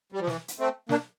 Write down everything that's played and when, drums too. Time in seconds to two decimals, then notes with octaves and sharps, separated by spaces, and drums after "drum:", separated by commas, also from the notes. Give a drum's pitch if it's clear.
0.12 G3
0.20 F3
0.27 E3, drum: snare
0.48 drum: hi-hat
0.59 A3 C4
0.89 A#3 D4, drum: snare